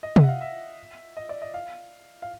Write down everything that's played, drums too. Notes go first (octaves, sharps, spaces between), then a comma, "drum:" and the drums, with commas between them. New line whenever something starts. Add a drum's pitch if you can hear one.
D#5
E5, drum: tom C3
F#5
F5
E5
D#5
D5
D#5
F5
F5